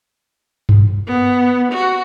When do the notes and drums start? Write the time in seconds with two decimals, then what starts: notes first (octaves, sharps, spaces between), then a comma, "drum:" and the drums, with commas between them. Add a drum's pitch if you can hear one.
0.69 drum: tom G2
1.07 B3
1.72 F#4